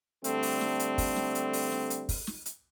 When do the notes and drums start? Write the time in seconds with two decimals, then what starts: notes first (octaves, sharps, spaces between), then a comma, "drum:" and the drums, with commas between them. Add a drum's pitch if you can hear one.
0.24 D3 G3 A3 C4, drum: hi-hat
0.43 drum: open hi-hat
0.61 drum: snare
0.79 drum: hi-hat
0.98 drum: kick, open hi-hat
1.16 drum: snare
1.35 drum: hi-hat
1.53 drum: open hi-hat
1.72 drum: snare
1.90 drum: hi-hat
2.09 drum: kick, open hi-hat
2.27 drum: snare
2.46 drum: hi-hat